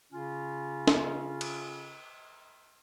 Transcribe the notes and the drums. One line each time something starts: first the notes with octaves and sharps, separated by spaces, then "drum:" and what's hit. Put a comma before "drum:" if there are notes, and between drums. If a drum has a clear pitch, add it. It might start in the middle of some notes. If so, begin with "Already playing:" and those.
C#3 C#4 F4
drum: snare
drum: cymbal